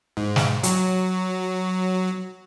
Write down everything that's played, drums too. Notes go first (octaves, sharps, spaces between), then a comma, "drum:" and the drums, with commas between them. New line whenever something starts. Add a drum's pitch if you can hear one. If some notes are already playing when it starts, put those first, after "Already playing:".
G#2
drum: snare
F#3, drum: hi-hat